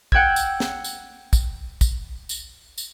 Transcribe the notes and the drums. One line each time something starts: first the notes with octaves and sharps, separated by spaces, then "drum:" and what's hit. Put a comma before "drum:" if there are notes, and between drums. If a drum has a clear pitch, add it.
F#5 G5 E6 G#6, drum: kick
drum: tambourine
drum: snare
drum: tambourine
drum: kick, tambourine
drum: kick, tambourine
drum: tambourine
drum: tambourine